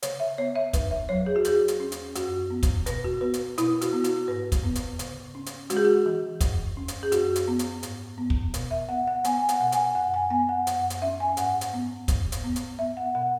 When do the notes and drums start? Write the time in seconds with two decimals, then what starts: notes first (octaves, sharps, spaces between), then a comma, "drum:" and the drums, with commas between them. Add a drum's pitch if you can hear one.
0.03 C#3 C#5, drum: hi-hat
0.20 E5
0.38 B3 C#5
0.56 E5
0.73 E2 B4, drum: kick, hi-hat
0.91 E5
1.09 F#3 C#5
1.26 G#4
1.36 F#4
1.45 E2 G#4, drum: hi-hat
1.68 drum: hi-hat
1.80 C#4
1.92 drum: hi-hat
2.15 F#2 F#4, drum: hi-hat
2.50 B3
2.63 drum: kick, hi-hat
2.86 B2 B4, drum: hi-hat
3.05 F#4
3.21 B3 B4
3.34 drum: hi-hat
3.58 B2 E4, drum: hi-hat
3.81 F#4, drum: hi-hat
3.93 B3
4.04 F#4, drum: hi-hat
4.28 G#2 B4
4.52 drum: kick, hi-hat
4.63 B3
4.75 drum: hi-hat
4.99 C#3, drum: hi-hat
5.35 C#4
5.46 drum: hi-hat
5.70 G#3 F#4, drum: hi-hat
5.77 G#4
5.85 F#4
6.06 E3
6.41 F#2, drum: kick, hi-hat
6.77 C#4
6.88 drum: hi-hat
7.03 G#4
7.12 F#2 F#4, drum: hi-hat
7.36 drum: hi-hat
7.48 B3
7.59 drum: hi-hat
7.83 G#2, drum: hi-hat
8.18 B3
8.30 drum: kick
8.54 B2, drum: hi-hat
8.71 E5
8.89 B3 F#5
9.08 F#5
9.24 B3 G#5, drum: hi-hat
9.40 G#5
9.49 F#5, drum: hi-hat
9.60 B2 F#5
9.72 G#5, drum: hi-hat
9.95 F#2 F#5
10.14 G#5
10.30 B3 G#5
10.49 F#5
10.67 F#2 F#5, drum: hi-hat
10.90 drum: hi-hat
11.02 C#4 E5
11.20 G#5
11.37 G#2 F#5, drum: hi-hat
11.61 drum: hi-hat
11.73 B3
12.08 G#2, drum: kick, hi-hat
12.32 drum: hi-hat
12.44 B3
12.56 drum: hi-hat
12.79 B3 E5
12.97 F#5
13.15 B2 F#5